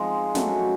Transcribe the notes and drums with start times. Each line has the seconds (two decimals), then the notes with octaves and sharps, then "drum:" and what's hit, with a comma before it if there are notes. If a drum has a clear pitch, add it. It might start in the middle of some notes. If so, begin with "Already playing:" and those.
Already playing: F3 G#3 C4 D#4
0.35 F#3 A3 C#4 F#4, drum: snare